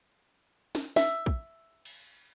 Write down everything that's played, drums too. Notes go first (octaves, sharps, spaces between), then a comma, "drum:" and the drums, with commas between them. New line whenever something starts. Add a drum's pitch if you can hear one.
drum: snare
E5, drum: snare
drum: kick
drum: cymbal